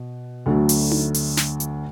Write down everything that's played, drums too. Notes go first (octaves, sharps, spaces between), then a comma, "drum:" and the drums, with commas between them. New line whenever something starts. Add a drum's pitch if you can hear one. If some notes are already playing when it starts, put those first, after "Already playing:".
Already playing: B2
D2 D3 F#3 A3
drum: open hi-hat
drum: tom D#4
drum: open hi-hat
drum: snare
drum: hi-hat